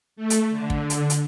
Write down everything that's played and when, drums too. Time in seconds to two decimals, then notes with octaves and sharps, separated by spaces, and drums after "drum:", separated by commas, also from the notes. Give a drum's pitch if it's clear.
0.16 A3
0.30 drum: hi-hat
0.50 D3
0.70 drum: kick
0.90 drum: hi-hat
1.10 drum: hi-hat